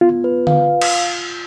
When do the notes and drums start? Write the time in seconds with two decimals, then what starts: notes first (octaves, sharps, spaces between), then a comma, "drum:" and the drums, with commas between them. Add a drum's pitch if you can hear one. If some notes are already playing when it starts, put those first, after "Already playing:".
0.01 B3 F4
0.24 B4
0.47 F5, drum: tom D3
0.81 drum: cymbal